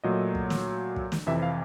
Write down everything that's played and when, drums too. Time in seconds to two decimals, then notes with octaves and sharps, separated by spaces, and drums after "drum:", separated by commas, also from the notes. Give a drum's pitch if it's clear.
0.04 A#2 F#3 A3 D#5
0.35 drum: kick
0.50 drum: snare
0.96 drum: kick
1.12 drum: snare
1.27 F2 C3 E3 E5
1.42 F5